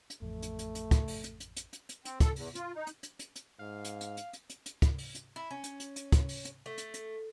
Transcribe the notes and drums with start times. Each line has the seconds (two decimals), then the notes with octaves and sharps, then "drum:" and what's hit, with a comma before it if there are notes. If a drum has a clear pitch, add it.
0.10 drum: hi-hat
0.22 A1 F2 A3
0.42 drum: hi-hat
0.59 drum: hi-hat
0.75 drum: hi-hat
0.91 drum: kick, hi-hat
1.08 drum: open hi-hat
1.24 drum: hi-hat
1.40 drum: hi-hat
1.56 drum: hi-hat
1.73 drum: hi-hat
1.89 drum: hi-hat
2.05 C4, drum: hi-hat
2.20 A4, drum: kick, hi-hat
2.36 E2, drum: open hi-hat
2.55 F4, drum: hi-hat
2.76 D#4
2.87 drum: hi-hat
3.03 drum: hi-hat
3.19 drum: hi-hat
3.36 drum: hi-hat
3.59 G#2 F5
3.84 drum: hi-hat
4.01 drum: hi-hat
4.17 drum: hi-hat
4.33 drum: hi-hat
4.50 drum: hi-hat
4.66 drum: hi-hat
4.82 drum: kick, hi-hat
4.98 drum: open hi-hat
5.15 drum: hi-hat
5.36 E4
5.51 C#4
5.64 drum: hi-hat
5.80 drum: hi-hat
5.96 drum: hi-hat
6.12 drum: kick, hi-hat
6.29 drum: open hi-hat
6.45 drum: hi-hat
6.66 A3
6.78 drum: hi-hat
6.94 drum: hi-hat